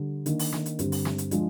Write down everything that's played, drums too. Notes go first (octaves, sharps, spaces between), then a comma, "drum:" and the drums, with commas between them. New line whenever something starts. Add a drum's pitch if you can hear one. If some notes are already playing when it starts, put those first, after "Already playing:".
Already playing: D3 G3
D#3 A#3 D4, drum: hi-hat
drum: open hi-hat
drum: snare
drum: hi-hat
G2 D3 G3 C4, drum: hi-hat
drum: open hi-hat
drum: snare
drum: hi-hat
F3 G#3 D4, drum: hi-hat